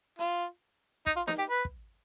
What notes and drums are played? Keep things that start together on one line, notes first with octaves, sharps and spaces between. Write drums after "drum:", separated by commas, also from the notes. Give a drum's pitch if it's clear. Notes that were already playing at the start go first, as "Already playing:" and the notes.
F4, drum: hi-hat
D#4, drum: kick
F4
D#4, drum: snare D#4
G4
B4
drum: kick